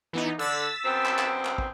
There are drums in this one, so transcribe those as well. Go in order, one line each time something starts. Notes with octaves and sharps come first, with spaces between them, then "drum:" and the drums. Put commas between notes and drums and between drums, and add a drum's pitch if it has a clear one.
E3 B3 D#4
D3 E6 A6 B6
F#2 B3 C4
drum: clap
drum: clap
drum: clap
drum: kick